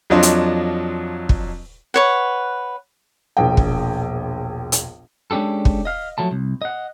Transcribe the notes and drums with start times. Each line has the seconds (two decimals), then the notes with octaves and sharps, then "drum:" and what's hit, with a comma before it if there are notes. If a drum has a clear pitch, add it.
0.10 F2 F3 F#3 D4 D#5 C6
0.23 drum: hi-hat
1.29 drum: kick
1.94 B4 C#5 F#5
3.37 E1 A#1 G5
3.57 drum: kick
4.72 drum: hi-hat
5.31 G#3 C#4 D4 G4 A4
5.65 drum: kick
5.85 D#5 F5
6.18 F3 F#3 A3 A5
6.31 C2
6.62 D#5 F#5